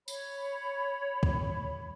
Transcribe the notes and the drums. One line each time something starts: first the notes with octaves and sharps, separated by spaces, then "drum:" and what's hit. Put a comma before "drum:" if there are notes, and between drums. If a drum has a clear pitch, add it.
C#5 B5, drum: tambourine
drum: kick